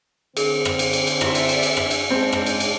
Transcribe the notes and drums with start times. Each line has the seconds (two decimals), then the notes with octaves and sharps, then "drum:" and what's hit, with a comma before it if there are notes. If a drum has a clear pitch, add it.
0.37 D3 C4 G#4 A#4, drum: cymbal
0.65 drum: rim click
0.79 drum: cymbal
0.93 drum: cymbal
1.07 drum: cymbal
1.21 E4 G4 D5 E5 C6, drum: rim click
1.35 drum: cymbal
1.49 drum: cymbal
1.63 drum: cymbal
1.77 drum: rim click
1.91 drum: cymbal
2.11 G#2 C#3 G#3 C4 D4
2.32 drum: rim click
2.46 drum: cymbal
2.60 drum: cymbal